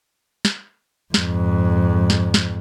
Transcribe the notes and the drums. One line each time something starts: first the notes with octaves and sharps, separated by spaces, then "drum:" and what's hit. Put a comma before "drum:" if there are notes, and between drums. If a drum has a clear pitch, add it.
drum: snare
F2 G#2, drum: snare
drum: snare
drum: snare